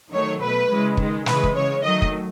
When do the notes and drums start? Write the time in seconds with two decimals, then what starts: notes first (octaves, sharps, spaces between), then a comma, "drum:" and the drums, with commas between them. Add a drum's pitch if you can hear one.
0.12 D#3 F#3 A3 C#5
0.40 B2 A3 B4
0.69 C#3 E3 G#3
0.97 D#3 G#3, drum: kick
1.26 C#3 E3 G#3 B4, drum: snare
1.44 drum: kick
1.55 C#3 G#3 C#5
1.83 D#3 F#3 A3 D#5
2.02 drum: kick